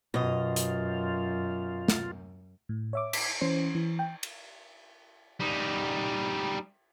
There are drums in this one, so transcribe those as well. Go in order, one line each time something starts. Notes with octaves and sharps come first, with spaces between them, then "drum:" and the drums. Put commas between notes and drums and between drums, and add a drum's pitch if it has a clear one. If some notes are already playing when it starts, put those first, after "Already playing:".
F#2 B2 F4 D#5
drum: hi-hat
drum: snare
A2
C#5 E5 D6
B6, drum: cymbal
E3 C#4 C5
E3
G5
drum: cymbal
G3 D#4